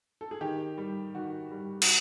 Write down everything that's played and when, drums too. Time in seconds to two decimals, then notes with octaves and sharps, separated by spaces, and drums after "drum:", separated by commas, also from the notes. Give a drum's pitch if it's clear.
0.21 A4
0.31 G#4
0.41 D#3 G4
0.78 G3
1.15 D#3 F#4
1.51 G3
1.82 F#4, drum: cymbal